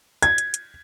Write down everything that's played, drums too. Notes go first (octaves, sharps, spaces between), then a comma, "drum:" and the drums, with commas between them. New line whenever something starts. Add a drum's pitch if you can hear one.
G#6, drum: hi-hat
drum: hi-hat
drum: hi-hat